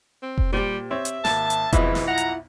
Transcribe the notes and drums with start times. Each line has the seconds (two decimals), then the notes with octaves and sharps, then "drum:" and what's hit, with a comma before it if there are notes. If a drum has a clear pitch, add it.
0.22 C4
0.38 drum: kick F1
0.53 A#2 G3 G4 C5
0.91 C4 C#5 E5
1.05 drum: hi-hat
1.25 G#1 A#3 A5, drum: snare
1.50 drum: hi-hat
1.73 B1 F2 G#2 B2 E3 E4 F4 D#5, drum: kick F1, hi-hat
1.95 drum: snare
2.08 F#5 A#5
2.18 drum: hi-hat